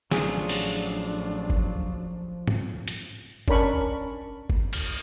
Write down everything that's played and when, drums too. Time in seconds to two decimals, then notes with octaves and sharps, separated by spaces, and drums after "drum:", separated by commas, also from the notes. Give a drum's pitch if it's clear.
0.11 A1 F3 F#3 D4 F4 G#4, drum: snare
0.49 drum: open hi-hat
1.50 drum: kick G1
2.48 drum: tom
2.88 drum: hi-hat
3.48 C#4 D4 A#4 B5 C#6, drum: kick G1
4.50 drum: kick G1
4.73 drum: cymbal